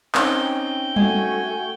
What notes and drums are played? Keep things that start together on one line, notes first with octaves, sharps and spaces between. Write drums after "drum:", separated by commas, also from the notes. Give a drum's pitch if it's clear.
C4 C#4 D#4 G5, drum: clap
A3 F#4 G#5, drum: tom G3